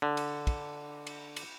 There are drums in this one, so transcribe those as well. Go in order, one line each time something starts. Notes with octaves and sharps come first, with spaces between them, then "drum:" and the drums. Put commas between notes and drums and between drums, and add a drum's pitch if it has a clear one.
D3
drum: cymbal
drum: kick, cymbal
drum: cymbal
drum: cymbal